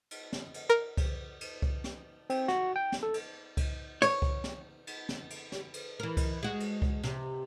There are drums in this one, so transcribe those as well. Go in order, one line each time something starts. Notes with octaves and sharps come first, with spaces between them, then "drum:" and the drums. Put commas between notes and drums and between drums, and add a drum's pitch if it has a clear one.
drum: cymbal
drum: snare
drum: cymbal
A#4
drum: kick C2, cymbal
drum: cymbal
drum: kick C2
drum: snare
C4, drum: cymbal
F#4, drum: snare
G5
drum: snare
A4
drum: cymbal
drum: kick C2, cymbal
C#5, drum: cymbal
drum: kick C2
drum: snare
drum: cymbal
drum: snare
drum: cymbal
drum: snare
drum: cymbal
E3 A#4
drum: kick C2, cymbal
G#3 F#4
drum: cymbal
drum: kick C2
C3, drum: snare